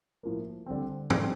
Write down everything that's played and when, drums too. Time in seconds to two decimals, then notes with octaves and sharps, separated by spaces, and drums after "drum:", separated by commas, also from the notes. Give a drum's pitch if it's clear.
0.23 A2 F3 A#3
0.66 D3 G3 C4
1.10 D3 G3 C4, drum: tom G#2